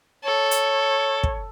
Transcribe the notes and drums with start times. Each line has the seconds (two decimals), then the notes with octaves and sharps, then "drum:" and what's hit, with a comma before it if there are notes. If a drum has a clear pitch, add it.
0.25 A4 C#5
0.51 drum: hi-hat
1.24 drum: kick